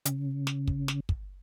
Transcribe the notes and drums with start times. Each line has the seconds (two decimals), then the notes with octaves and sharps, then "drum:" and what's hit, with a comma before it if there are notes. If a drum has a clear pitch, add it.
0.05 C#3, drum: hi-hat
0.47 drum: snare
0.67 drum: kick
0.88 drum: snare
1.09 drum: kick